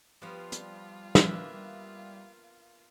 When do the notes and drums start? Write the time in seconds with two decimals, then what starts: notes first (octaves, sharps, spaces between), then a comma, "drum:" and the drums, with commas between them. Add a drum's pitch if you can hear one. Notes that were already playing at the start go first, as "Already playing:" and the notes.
0.22 F3 G3 B3 F4
0.52 drum: hi-hat
1.15 A#3 B3 D4 E5, drum: snare